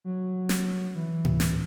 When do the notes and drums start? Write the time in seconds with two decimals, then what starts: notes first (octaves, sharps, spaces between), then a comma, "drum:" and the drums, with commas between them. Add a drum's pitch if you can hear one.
0.05 F#3
0.49 drum: snare
0.95 E3
1.25 drum: tom A2
1.40 drum: snare